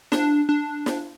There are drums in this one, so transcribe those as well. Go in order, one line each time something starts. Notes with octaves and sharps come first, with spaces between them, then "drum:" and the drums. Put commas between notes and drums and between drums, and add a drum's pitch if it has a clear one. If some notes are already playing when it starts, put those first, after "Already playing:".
D4, drum: snare
D4
drum: snare